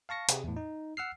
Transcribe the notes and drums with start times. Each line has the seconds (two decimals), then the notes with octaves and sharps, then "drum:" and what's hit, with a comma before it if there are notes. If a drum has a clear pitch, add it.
0.09 F5 A5 C#6 A#6 C#7
0.29 C3 G4 G#4, drum: hi-hat
0.44 E2 A2
0.57 D#4
0.97 F#5 E6 F6 C7